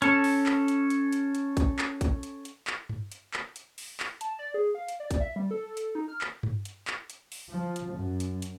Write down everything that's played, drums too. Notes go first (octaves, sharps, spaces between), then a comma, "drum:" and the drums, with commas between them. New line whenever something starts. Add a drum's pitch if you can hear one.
C#4 A4, drum: hi-hat
drum: open hi-hat
drum: clap
drum: hi-hat
drum: hi-hat
drum: hi-hat
drum: hi-hat
drum: kick, hi-hat
drum: clap
drum: kick, hi-hat
drum: hi-hat
drum: hi-hat
drum: clap
drum: tom G2
drum: hi-hat
drum: clap
drum: hi-hat
drum: open hi-hat
drum: clap
A5, drum: hi-hat
D5
G#4
F5
drum: hi-hat
D5
drum: kick, hi-hat
E5
G3
A4
drum: hi-hat
D#4
F6
drum: clap
drum: tom G2
drum: hi-hat
drum: clap
drum: hi-hat
drum: open hi-hat
F3
drum: hi-hat
F#2
drum: hi-hat
drum: hi-hat